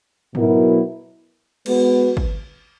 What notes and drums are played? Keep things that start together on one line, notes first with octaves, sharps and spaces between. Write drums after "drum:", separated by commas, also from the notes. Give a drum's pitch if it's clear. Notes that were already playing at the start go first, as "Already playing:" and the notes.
B2 F#3 B3 E4 A#4, drum: tom G#2
G#3 B3 F#4 B4, drum: cymbal
drum: kick